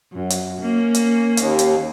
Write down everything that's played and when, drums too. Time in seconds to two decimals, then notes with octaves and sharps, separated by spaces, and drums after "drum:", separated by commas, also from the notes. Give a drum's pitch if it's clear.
0.13 F#2
0.30 drum: hi-hat
0.60 A#3 C#4
0.94 drum: hi-hat
1.37 D#2, drum: hi-hat
1.59 drum: hi-hat